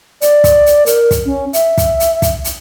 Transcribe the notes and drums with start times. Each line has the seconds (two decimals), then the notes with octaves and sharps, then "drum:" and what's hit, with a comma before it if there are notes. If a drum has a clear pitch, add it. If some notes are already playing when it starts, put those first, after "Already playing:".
0.22 D5, drum: hi-hat
0.44 drum: kick, hi-hat
0.66 drum: hi-hat
0.86 A#4, drum: hi-hat
1.11 drum: kick, hi-hat
1.25 C#4
1.53 E5, drum: hi-hat
1.78 drum: kick, hi-hat
2.00 drum: hi-hat
2.22 drum: kick, hi-hat
2.44 drum: hi-hat